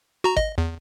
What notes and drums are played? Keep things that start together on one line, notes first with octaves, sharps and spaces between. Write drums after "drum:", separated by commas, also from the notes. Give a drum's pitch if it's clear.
F#4 A#5
D#5, drum: kick G#1
E2